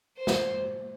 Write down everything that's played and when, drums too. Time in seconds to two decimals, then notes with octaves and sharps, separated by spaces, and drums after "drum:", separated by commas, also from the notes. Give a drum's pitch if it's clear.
0.18 C5
0.27 drum: snare